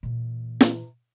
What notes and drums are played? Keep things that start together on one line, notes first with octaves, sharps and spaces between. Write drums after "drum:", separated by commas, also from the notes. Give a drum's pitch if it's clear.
A#2 E3
drum: snare